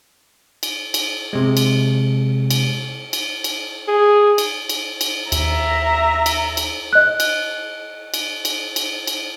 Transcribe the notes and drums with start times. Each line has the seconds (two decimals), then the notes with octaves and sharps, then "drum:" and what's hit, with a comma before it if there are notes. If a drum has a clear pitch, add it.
0.63 drum: cymbal
0.94 drum: cymbal
1.33 C3 G#3
1.57 drum: cymbal
2.50 drum: cymbal
3.13 drum: cymbal
3.44 drum: cymbal
3.88 G#4
4.38 drum: cymbal
4.69 drum: cymbal
5.01 drum: cymbal
5.32 D#2 E5 A#5, drum: cymbal
6.26 drum: cymbal
6.57 drum: cymbal
6.93 D#5 F#6
7.20 drum: cymbal
8.14 drum: cymbal
8.45 drum: cymbal
8.76 drum: cymbal
9.07 drum: cymbal